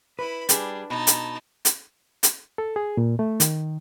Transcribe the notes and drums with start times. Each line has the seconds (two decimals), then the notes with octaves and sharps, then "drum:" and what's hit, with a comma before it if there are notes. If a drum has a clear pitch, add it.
0.19 E4 B4 B5
0.49 G3 D4 G#4, drum: hi-hat
0.90 B2 D#4 A5
1.07 drum: hi-hat
1.65 drum: hi-hat
2.23 drum: hi-hat
2.58 A4
2.76 G#4
2.97 A#2
3.19 A3
3.40 D#3, drum: hi-hat